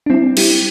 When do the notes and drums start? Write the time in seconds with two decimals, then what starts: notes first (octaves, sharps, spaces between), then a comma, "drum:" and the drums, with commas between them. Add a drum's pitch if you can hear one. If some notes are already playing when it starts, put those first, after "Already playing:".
0.06 D4
0.10 G3 C4 E4
0.37 G3 E4 G4, drum: cymbal